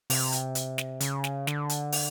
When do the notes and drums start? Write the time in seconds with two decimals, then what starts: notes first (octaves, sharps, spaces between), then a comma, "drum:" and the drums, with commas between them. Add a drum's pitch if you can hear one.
0.10 C3, drum: open hi-hat
0.32 drum: hi-hat
0.55 drum: hi-hat
0.78 drum: snare
1.00 C#3, drum: hi-hat
1.24 drum: snare
1.47 D3, drum: snare
1.69 drum: hi-hat
1.92 drum: open hi-hat